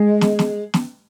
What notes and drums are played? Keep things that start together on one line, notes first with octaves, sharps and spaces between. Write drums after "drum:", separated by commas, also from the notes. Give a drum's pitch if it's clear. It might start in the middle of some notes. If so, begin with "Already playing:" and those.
Already playing: G#3
drum: snare
drum: snare
drum: snare